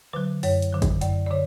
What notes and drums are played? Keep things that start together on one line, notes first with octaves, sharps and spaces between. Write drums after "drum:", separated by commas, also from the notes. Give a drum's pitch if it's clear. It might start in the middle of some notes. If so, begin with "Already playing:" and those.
D3 F#3 B4
F#2 C#5, drum: open hi-hat
drum: hi-hat
D3 F#3
drum: kick, hi-hat
F#2 D5, drum: hi-hat
D5
D3 C#5